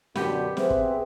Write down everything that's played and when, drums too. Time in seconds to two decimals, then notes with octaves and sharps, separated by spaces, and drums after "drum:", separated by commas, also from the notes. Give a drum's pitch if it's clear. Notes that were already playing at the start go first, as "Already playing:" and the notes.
0.15 F#2 B2 D3 B3 G4, drum: snare
0.57 C4 G#4 B4 E5, drum: snare
0.70 drum: kick